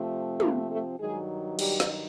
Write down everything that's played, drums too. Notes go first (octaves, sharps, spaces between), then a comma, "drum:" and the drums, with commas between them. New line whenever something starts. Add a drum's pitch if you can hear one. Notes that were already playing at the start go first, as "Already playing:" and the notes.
Already playing: C3 F3 A3 C4
A#3 A#4, drum: tom
A3 A4
G2 D#3 F#3 G#3 G#4
G3 G4, drum: cymbal
drum: snare